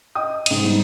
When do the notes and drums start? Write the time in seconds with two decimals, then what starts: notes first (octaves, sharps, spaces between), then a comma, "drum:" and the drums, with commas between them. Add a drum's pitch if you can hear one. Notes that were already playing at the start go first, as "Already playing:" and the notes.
0.15 D#5 G5 D#6
0.46 G#2 D#7, drum: cymbal
0.64 G3 B3 D#4